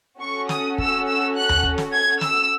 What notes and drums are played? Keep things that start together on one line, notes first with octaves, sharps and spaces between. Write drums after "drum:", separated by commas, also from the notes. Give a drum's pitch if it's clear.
C#4 F#4 A4 C#6
D#6, drum: snare
E6, drum: kick
E6
F#6
drum: tom D#2
drum: kick
drum: snare
G#6
E6, drum: snare